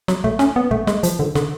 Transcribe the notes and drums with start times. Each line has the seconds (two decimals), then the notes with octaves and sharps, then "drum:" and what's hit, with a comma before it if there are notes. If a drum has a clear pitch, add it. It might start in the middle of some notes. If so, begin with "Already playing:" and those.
0.08 F#3, drum: snare
0.24 A3, drum: kick
0.39 C#4, drum: snare
0.56 B3
0.71 A3, drum: kick
0.87 G#3, drum: snare
1.03 F3, drum: hi-hat
1.19 D3
1.35 D3, drum: snare